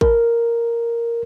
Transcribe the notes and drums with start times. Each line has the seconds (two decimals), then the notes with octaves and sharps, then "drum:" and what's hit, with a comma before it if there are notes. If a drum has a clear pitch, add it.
0.01 A#4, drum: kick A1